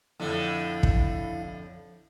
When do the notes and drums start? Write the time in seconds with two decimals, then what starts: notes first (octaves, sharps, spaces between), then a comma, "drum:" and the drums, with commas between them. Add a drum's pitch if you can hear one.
0.20 F2 A2 D3 E4 F5
0.83 drum: kick